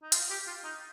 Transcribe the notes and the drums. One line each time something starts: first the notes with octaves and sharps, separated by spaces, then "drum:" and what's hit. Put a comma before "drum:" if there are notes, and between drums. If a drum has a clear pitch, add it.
D#4
F4, drum: hi-hat
G4
F4
D#4